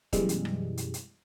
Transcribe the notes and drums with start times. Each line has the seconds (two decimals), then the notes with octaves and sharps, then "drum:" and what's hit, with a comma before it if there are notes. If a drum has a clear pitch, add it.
0.13 F#2 B2 E3 G3 G#3, drum: kick D#1, hi-hat
0.29 drum: hi-hat
0.45 drum: rim click
0.77 drum: hi-hat
0.94 drum: hi-hat